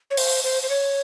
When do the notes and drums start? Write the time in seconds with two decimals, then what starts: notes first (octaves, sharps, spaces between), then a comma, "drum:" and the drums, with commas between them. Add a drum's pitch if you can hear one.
0.10 C#5
0.17 C5, drum: open hi-hat
0.44 C5
0.63 C5
0.69 C#5